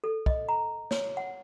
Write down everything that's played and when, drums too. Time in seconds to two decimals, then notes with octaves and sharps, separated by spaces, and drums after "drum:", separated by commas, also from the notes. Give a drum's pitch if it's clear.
0.04 A4
0.26 D#5, drum: kick
0.49 A#5
0.91 C#5, drum: snare
1.17 F#5